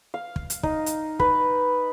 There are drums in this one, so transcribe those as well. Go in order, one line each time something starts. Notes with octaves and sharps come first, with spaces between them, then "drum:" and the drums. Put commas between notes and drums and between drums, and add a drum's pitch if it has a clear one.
F5
drum: kick
drum: hi-hat
D#4, drum: kick
drum: hi-hat
B4, drum: kick